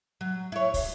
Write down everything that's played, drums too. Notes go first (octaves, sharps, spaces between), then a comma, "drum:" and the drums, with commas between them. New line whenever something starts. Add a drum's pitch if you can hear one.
F#3
E4 C#5
drum: kick, open hi-hat